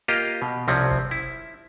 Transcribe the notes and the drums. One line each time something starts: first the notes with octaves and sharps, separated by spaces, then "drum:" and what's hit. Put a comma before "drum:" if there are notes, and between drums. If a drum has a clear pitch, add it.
A#3 F4 G4 D#5 A#5
B2
C2 C3 F3 C4 C#4, drum: hi-hat
drum: kick
E4